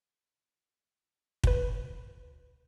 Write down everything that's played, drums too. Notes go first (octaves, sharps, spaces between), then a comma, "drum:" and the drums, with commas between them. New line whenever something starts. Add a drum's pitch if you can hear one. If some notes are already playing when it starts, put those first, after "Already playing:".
D2 B4, drum: kick